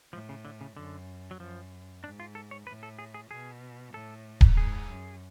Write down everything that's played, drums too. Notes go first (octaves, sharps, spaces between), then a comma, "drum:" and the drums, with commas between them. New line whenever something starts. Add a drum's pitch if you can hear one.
A2 F3
C#3
D3
C#3
F#2 D3
F#3
F#2 F3
G#2 D4
F4
A4
C#5
A2 B4
A4
G#4
G#4
B2 G#4
A2 A4
drum: kick D1
G#2 G#4
F#2